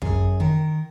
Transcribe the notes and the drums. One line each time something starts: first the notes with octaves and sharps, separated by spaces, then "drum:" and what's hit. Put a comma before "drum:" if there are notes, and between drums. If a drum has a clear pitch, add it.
F#2 G#4, drum: kick
D#3 A#4